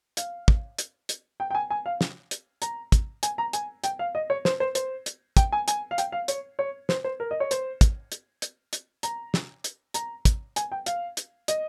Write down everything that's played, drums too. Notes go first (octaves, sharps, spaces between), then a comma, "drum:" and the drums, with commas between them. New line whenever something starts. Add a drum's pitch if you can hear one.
F5, drum: hi-hat
drum: kick
drum: hi-hat
drum: hi-hat
G5
G5
G#5
G#5
F5
drum: snare
drum: hi-hat
A#5, drum: hi-hat
drum: kick, hi-hat
G#5, drum: hi-hat
A#5
G#5, drum: hi-hat
G5, drum: hi-hat
F5
D#5
C#5
C5, drum: snare
C5
C5, drum: hi-hat
drum: hi-hat
G5, drum: kick, hi-hat
G#5
G#5, drum: hi-hat
F5
G5, drum: hi-hat
F5
C#5, drum: hi-hat
C#5
C5, drum: snare
C5
A#4
D#5
C#5
C5, drum: hi-hat
drum: kick, hi-hat
drum: hi-hat
drum: hi-hat
drum: hi-hat
A#5, drum: hi-hat
drum: snare
drum: hi-hat
A#5, drum: hi-hat
drum: kick, hi-hat
G#5, drum: hi-hat
G5
F5, drum: hi-hat
drum: hi-hat
D#5, drum: hi-hat